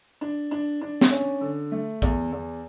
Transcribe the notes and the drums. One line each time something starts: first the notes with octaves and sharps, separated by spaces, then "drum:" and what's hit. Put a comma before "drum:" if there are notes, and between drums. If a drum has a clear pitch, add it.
D4
D4
D4
drum: snare
C#4
D3
A3
E2, drum: kick
E2